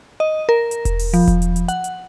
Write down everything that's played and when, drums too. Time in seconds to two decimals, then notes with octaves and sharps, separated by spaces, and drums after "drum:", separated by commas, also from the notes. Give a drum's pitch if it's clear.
0.20 D#5
0.49 A#4
0.71 drum: hi-hat
0.85 drum: kick E1, hi-hat
0.99 drum: open hi-hat
1.13 F3, drum: hi-hat
1.28 drum: kick E1, hi-hat
1.42 drum: hi-hat
1.56 drum: hi-hat
1.68 F#5, drum: hi-hat
1.84 drum: hi-hat